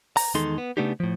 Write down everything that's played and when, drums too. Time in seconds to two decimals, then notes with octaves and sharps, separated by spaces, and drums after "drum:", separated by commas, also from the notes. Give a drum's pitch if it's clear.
0.17 A#5, drum: open hi-hat
0.34 E2 D#3 G#3 D#4 A4 C6
0.58 B3
0.77 C#3 A3 B3 D4 D#4 G4
1.00 A2 F3